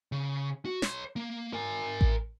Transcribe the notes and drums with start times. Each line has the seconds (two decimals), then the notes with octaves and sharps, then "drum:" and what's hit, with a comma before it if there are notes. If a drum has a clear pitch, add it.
0.12 C#3
0.65 F#4
0.82 C#5 C6, drum: snare
1.16 A#3
1.53 A#4 G#5
2.01 drum: kick A1